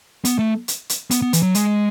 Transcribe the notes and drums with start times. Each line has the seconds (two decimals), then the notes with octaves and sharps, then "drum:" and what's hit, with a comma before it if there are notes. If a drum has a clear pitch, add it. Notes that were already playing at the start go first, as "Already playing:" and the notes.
0.25 B3, drum: hi-hat
0.39 A3
0.68 drum: hi-hat
0.89 drum: hi-hat
1.11 B3, drum: hi-hat
1.22 B3
1.33 E3, drum: hi-hat
1.43 F#3
1.55 G#3, drum: hi-hat